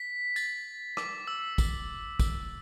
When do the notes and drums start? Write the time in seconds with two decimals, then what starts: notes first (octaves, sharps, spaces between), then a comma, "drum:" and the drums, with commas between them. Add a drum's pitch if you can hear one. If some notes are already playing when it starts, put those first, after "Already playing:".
Already playing: B6
0.36 A6, drum: tambourine
0.97 D6, drum: rim click
1.27 E6
1.58 drum: kick, tambourine
2.19 drum: kick, tambourine